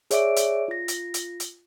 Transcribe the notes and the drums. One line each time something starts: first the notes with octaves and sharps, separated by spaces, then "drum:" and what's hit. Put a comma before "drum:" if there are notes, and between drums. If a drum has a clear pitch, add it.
G#4 C#5 D5 E5 D6 D7, drum: hi-hat
drum: hi-hat
F4 A#6
drum: hi-hat
drum: hi-hat
drum: hi-hat